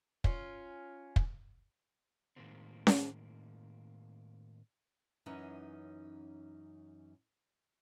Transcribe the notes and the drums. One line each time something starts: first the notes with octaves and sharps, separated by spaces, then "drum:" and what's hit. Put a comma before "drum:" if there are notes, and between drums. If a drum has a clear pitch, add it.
C#4 F4, drum: kick
drum: kick
A2 D#3 G#3 A#3 C4
drum: snare C#4
F#2 E3 C#4 D#4 F#5